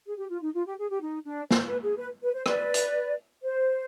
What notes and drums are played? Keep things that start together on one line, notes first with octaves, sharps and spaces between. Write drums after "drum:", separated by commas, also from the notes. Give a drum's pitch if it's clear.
G#4
G4
F4
D#4
F4
G4
G#4
G4
D#4
D4
C5, drum: snare
B4
G#4
B4
B4
C5
B4 D5, drum: rim click
drum: hi-hat
C5